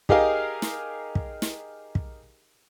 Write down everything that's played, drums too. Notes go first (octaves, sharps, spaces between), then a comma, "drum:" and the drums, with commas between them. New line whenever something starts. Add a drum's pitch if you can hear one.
D#4 G4 G#4 A#4 D#5 F5, drum: kick
drum: snare
drum: kick
drum: snare
drum: kick